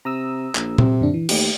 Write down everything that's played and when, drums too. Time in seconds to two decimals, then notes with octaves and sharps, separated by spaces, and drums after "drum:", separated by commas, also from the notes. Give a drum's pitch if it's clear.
0.05 C3 A#5 D#6 E6
0.55 A#1, drum: clap
0.78 C3, drum: tom A#2
1.01 F#2 D3 D4
1.14 E3
1.29 D#2 A3 G4, drum: cymbal